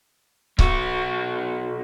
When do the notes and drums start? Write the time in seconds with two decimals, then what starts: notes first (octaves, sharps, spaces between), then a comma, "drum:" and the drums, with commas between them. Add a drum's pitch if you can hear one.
0.59 B1 F#4, drum: kick C#1